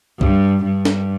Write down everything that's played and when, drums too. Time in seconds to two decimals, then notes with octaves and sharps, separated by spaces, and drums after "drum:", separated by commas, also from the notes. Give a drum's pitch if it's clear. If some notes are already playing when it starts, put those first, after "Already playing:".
0.21 G2, drum: kick C#2
0.64 G2
0.85 drum: snare